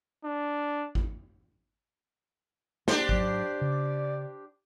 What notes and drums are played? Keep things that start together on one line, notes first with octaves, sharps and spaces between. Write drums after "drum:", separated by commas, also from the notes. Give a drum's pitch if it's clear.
D4
drum: kick G#1
A#3 D4 G4 C5, drum: snare
G#2 F#3 D5, drum: kick G#1
C#3